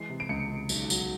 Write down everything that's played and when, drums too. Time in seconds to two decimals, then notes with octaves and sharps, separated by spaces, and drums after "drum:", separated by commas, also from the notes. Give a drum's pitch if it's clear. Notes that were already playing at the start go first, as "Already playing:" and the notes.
Already playing: E3 G#3 C7
0.10 C3
0.20 D7
0.29 C#2 C#7
0.49 C#2
0.69 B1, drum: tambourine
0.90 F#3, drum: tambourine